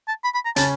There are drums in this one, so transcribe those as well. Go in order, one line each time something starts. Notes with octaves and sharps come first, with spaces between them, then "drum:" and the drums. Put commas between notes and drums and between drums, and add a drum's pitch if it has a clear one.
A5
B5
B5
A#5
C#3 C#4 A5, drum: hi-hat